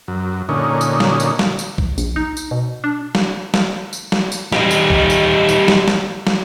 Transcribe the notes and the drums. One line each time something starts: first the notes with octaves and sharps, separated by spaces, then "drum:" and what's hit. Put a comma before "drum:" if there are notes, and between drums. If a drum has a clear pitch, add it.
F#2
A#2 D3 C#4 D#4
drum: tambourine
drum: snare
drum: tambourine
drum: snare
drum: tambourine
drum: kick
A#1, drum: tambourine
D#4
drum: tambourine
B2
D4
drum: snare
drum: snare
drum: tambourine
drum: snare
drum: tambourine
G3 D#4, drum: snare
drum: tambourine
drum: kick
drum: tambourine
drum: tambourine
drum: snare
drum: snare
drum: snare